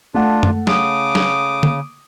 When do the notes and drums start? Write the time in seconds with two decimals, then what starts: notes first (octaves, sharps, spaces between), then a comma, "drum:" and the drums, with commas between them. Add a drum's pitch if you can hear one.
0.14 A3 D4 F4 F#5 A5
0.43 drum: tom F#2
0.67 C#3 D6 D#6, drum: snare
1.15 drum: snare
1.63 drum: tom D3